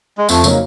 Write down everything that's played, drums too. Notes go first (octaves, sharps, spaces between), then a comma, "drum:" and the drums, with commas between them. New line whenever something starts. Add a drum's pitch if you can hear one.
G#3
F2 A3, drum: tambourine
C#3 F#3 A#3 D#4, drum: tambourine